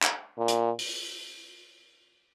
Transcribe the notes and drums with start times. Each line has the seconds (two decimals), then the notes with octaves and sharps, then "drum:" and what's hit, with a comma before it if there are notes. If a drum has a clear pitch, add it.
0.03 drum: clap
0.38 A#2
0.48 drum: hi-hat
0.79 drum: open hi-hat